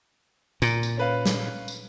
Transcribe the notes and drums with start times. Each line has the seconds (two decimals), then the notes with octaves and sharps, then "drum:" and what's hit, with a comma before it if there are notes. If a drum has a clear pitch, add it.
0.62 A#2, drum: tambourine
0.83 drum: tambourine
0.97 C#4 B4 F5
1.26 drum: snare
1.68 drum: tambourine